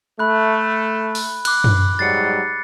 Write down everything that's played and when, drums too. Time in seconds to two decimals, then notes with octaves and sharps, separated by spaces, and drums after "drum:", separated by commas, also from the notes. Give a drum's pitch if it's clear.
0.19 A3 B5 F#6
1.15 drum: open hi-hat
1.45 D6 F#6, drum: cymbal
1.64 drum: tom F#2
1.99 G#2 F#3 G3 A6 C7 C#7